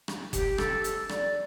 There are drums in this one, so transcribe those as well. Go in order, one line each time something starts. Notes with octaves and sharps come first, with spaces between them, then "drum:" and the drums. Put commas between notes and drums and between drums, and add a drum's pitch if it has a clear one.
drum: rim click
G4, drum: kick F#1, hi-hat
A4, drum: rim click
drum: hi-hat
D5, drum: rim click